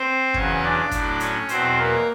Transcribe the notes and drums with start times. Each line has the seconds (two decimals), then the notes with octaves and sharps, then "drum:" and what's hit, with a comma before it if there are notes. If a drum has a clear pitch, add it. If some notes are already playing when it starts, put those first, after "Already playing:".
Already playing: C4 C5
0.34 E2 C#3 F#3 C#4 C#5, drum: kick
0.63 D4 D5
0.91 A2 F#3, drum: kick, hi-hat
1.20 C#4 C#5, drum: hi-hat
1.49 E2 B2 F#3 C4 C5, drum: hi-hat
1.77 A#3 A#4